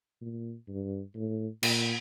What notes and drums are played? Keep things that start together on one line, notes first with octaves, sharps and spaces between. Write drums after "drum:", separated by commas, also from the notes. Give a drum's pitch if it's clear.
A#2
G2
A2
A#2, drum: cymbal